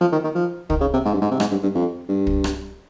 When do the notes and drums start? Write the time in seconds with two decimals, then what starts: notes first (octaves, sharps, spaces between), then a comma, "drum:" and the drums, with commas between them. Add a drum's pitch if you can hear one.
0.01 F3
0.12 D#3
0.24 D#3
0.35 F3
0.70 D#3, drum: kick
0.81 C#3
0.94 C3
1.05 G#2
1.14 G2
1.22 G#2
1.31 C3
1.40 G#2, drum: rim click
1.51 G2
1.63 G2
1.75 F2
2.09 G2
2.27 drum: kick
2.44 drum: rim click